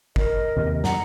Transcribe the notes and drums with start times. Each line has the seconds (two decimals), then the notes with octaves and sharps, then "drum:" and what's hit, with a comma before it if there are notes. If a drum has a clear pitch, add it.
0.16 A#4 D#5, drum: kick
0.57 D#2 C3
0.84 F#2 F#5 A#5, drum: snare